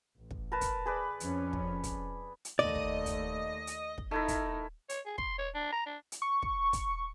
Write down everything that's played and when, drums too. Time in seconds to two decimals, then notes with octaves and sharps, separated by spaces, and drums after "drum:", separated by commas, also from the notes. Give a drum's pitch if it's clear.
0.16 A1
0.31 drum: kick
0.52 A#4 B4 A5
0.61 drum: kick, hi-hat
0.86 G#4 B4 D5
1.20 F2 F3 C#4, drum: hi-hat
1.53 drum: kick
1.84 drum: kick, hi-hat
2.45 drum: hi-hat
2.59 D#2 A3 D5 D#5
2.75 drum: kick
3.06 drum: kick, hi-hat
3.67 drum: hi-hat
3.98 drum: kick
4.11 A3 D#4 E4 A#4
4.28 drum: kick, hi-hat
4.89 C#5, drum: hi-hat
5.06 G#4
5.18 C6, drum: kick
5.38 C#5
5.55 D4
5.73 A#5
5.86 D4
6.12 drum: hi-hat
6.22 C#6
6.42 drum: kick
6.73 drum: kick, hi-hat